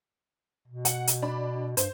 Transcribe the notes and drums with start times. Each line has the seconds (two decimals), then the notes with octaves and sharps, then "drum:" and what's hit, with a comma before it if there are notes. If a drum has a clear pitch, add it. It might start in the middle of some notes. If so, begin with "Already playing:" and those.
0.68 B2
0.85 F#5, drum: hi-hat
1.07 drum: hi-hat
1.22 D4 B5
1.77 G2 C5, drum: hi-hat